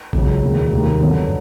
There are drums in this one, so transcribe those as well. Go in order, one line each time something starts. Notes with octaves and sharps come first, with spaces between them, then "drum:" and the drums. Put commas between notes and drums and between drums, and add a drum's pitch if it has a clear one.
C#2 C#3 F#3, drum: kick
E1 D#2 C#3
F1 D#2 D#3 G3 A#3
G1 F#2 D3 F#3 B3